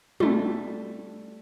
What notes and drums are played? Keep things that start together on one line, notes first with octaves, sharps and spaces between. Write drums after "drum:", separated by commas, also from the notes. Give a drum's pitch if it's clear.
G3 A3, drum: tom